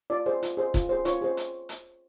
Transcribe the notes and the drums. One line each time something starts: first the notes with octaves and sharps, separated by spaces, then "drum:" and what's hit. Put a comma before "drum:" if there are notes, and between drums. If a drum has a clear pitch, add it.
F4 D5
G#4 C5
F4, drum: hi-hat
G#4 C5
F4, drum: kick, hi-hat
G#4 C5
F4 C#5, drum: hi-hat
G#4 C5
drum: hi-hat
drum: hi-hat